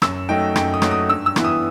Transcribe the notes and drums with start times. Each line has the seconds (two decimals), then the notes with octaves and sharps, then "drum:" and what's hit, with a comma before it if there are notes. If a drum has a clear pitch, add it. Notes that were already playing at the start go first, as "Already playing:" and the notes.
0.02 F#2 E6, drum: rim click
0.29 F#3 A3 D#4 G5
0.56 F#2 G5, drum: rim click
0.74 D#6
0.82 F#3 A3 D#4, drum: rim click
0.91 D#6
1.09 G2 E6
1.26 E6
1.36 E3 B3 E4, drum: rim click
1.44 D#6